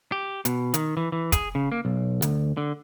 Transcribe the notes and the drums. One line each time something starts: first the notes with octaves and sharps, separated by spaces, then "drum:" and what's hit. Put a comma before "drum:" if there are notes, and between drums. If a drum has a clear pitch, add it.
G4
B2, drum: hi-hat
D#3, drum: hi-hat
E3
E3
G#4, drum: kick, hi-hat
C#3
A#3
B1
D2, drum: hi-hat
D3